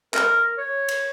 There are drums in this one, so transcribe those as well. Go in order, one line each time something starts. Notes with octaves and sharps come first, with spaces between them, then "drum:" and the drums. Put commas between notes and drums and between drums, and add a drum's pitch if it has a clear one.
A#4, drum: clap
C#5
drum: cymbal